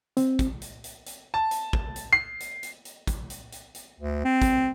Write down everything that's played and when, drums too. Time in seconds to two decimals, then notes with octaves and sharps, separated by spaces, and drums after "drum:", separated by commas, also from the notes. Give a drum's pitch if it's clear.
0.17 C4, drum: hi-hat
0.39 drum: kick, hi-hat
0.62 drum: hi-hat
0.84 drum: hi-hat
1.06 drum: hi-hat
1.34 A5
1.51 drum: hi-hat
1.73 drum: kick
1.96 drum: hi-hat
2.13 C7
2.40 drum: hi-hat
2.63 drum: hi-hat
2.85 drum: hi-hat
3.07 drum: kick, hi-hat
3.30 drum: hi-hat
3.52 drum: hi-hat
3.75 drum: hi-hat
4.00 D2
4.25 C4
4.42 drum: kick, hi-hat